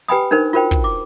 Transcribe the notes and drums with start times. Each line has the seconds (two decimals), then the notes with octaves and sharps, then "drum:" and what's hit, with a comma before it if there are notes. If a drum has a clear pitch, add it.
0.08 G4 B4 G5 G#5 B5 D#6
0.31 D4 D#4 A#4 C5
0.53 F4 F#4 A#4 C5 G5
0.71 drum: kick
0.84 D6